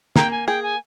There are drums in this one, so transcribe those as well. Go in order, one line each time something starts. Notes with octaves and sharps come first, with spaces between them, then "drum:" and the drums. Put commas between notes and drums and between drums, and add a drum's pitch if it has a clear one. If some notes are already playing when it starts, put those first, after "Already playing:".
A#3 G5, drum: snare
G#5
G#4 G5
G#5